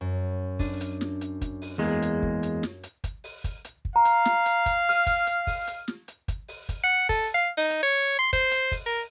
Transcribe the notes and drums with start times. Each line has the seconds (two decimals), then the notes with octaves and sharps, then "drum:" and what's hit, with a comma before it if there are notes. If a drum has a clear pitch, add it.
0.01 F#2
0.59 D4, drum: kick, open hi-hat
0.81 drum: hi-hat
1.01 drum: snare
1.21 drum: hi-hat
1.41 drum: kick, hi-hat
1.62 drum: open hi-hat
1.78 E2 G#3 A#3
2.02 drum: hi-hat
2.23 drum: kick
2.43 drum: hi-hat
2.63 drum: snare
2.83 drum: hi-hat
3.04 drum: kick, hi-hat
3.24 drum: open hi-hat
3.44 drum: kick, hi-hat
3.65 drum: hi-hat
3.85 drum: kick
3.96 F5 A#5
4.05 drum: hi-hat
4.25 drum: snare
4.46 drum: hi-hat
4.66 drum: kick, hi-hat
4.89 F6, drum: open hi-hat
5.07 drum: kick, hi-hat
5.27 drum: hi-hat
5.47 drum: kick, open hi-hat
5.67 drum: hi-hat
5.88 drum: snare
6.08 drum: hi-hat
6.28 drum: kick, hi-hat
6.48 drum: open hi-hat
6.69 drum: kick, hi-hat
6.84 F#5
7.09 A4, drum: kick, open hi-hat
7.34 F5
7.57 D#4
7.70 drum: hi-hat
7.83 C#5
8.19 C6
8.33 C5, drum: kick, hi-hat
8.51 drum: hi-hat
8.72 drum: kick, open hi-hat
8.86 A#4